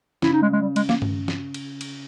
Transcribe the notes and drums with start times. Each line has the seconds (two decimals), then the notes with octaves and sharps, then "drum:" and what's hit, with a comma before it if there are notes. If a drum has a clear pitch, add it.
0.22 C#3 E4, drum: snare
0.32 D#4
0.42 G#3
0.53 G#3
0.62 G3
0.76 G#3, drum: cymbal
0.89 A#3, drum: snare
1.02 drum: tom G2
1.28 drum: snare
1.54 drum: cymbal
1.81 drum: cymbal